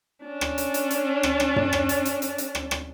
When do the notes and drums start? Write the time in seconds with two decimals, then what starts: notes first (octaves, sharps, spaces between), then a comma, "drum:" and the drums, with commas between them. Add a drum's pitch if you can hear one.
0.25 C#4 D4
0.41 drum: rim click
0.58 drum: hi-hat
0.74 drum: hi-hat
0.91 drum: hi-hat
1.23 drum: rim click
1.40 drum: rim click
1.56 drum: tom F#2
1.73 drum: rim click
1.89 drum: hi-hat
2.05 drum: hi-hat
2.22 drum: hi-hat
2.38 drum: hi-hat
2.55 drum: rim click
2.71 drum: rim click